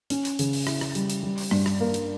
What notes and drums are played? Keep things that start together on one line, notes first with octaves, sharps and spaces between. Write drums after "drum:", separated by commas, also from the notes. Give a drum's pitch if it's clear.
C#4, drum: hi-hat
drum: hi-hat
C#3, drum: hi-hat
drum: open hi-hat
E4, drum: rim click
drum: rim click
G3, drum: hi-hat
drum: hi-hat
G3
drum: open hi-hat
G2, drum: rim click
drum: rim click
A#3
drum: hi-hat